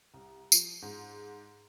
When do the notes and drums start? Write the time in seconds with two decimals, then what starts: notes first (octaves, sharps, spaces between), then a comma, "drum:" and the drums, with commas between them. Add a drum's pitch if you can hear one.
0.14 C2
0.52 F3, drum: tambourine
0.82 G#2